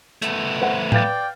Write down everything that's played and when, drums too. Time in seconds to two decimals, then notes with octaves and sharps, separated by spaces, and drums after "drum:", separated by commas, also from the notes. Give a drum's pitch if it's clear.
0.22 A3 B3, drum: hi-hat
0.62 C5 F#5
0.92 B4 D5 F5 G5 A6, drum: tom A2